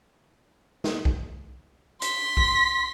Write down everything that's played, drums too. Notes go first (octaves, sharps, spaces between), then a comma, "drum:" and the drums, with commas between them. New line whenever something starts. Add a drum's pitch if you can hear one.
drum: snare
drum: kick B1
C6 B6, drum: hi-hat
drum: kick B1